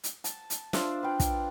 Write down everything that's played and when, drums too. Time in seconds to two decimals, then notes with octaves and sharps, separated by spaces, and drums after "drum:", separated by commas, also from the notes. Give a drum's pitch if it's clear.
0.04 drum: hi-hat
0.24 A5, drum: hi-hat
0.50 drum: hi-hat
0.73 D4 F4 C5 E5, drum: snare
1.03 B4 F5 G5
1.20 drum: kick, hi-hat